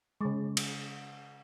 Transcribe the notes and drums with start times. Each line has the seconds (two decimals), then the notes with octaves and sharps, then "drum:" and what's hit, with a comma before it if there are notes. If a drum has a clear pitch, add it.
0.21 C#3 G#3
0.57 drum: cymbal